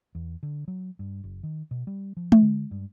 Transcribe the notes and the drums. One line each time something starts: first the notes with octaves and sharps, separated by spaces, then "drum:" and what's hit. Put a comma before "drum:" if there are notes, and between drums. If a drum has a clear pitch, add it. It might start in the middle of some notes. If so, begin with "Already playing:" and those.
E2
D3
F#3
G2
F#1
D#3
B2
G3
F3
drum: tom G#3
D3
G2